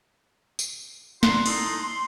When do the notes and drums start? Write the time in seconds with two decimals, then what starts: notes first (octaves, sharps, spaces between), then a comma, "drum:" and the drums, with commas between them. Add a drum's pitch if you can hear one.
0.59 drum: tambourine
1.23 G3 D#4 F#4 C6, drum: snare
1.46 D#4 E4 A4 D#5 C6, drum: cymbal
1.79 C6